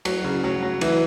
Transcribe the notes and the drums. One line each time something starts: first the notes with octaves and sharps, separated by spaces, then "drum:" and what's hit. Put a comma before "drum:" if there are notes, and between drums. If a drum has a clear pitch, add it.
F#3, drum: cymbal
C#3
F#3
F#3
E3, drum: cymbal